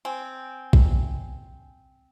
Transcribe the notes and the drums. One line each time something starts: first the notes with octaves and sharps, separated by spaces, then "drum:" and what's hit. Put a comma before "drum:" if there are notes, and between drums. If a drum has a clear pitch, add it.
C4 G#5
drum: kick